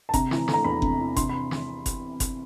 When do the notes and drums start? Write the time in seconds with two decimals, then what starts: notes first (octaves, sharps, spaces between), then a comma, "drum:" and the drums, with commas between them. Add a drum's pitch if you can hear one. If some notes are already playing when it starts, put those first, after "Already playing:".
0.09 A5
0.14 C3 A#5, drum: kick F#1, hi-hat
0.31 E3, drum: snare
0.48 A3, drum: snare
0.53 A#5
0.64 E2 B5
0.82 C3, drum: kick F#1
0.99 E3
1.16 C3 C6, drum: kick F#1, hi-hat
1.29 B5
1.51 drum: snare
1.86 drum: kick F#1, hi-hat
2.20 drum: kick F#1, hi-hat